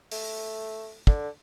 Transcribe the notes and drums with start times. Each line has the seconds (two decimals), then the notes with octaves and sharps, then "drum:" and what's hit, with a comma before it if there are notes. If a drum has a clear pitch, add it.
0.11 A3, drum: open hi-hat
1.07 D3, drum: kick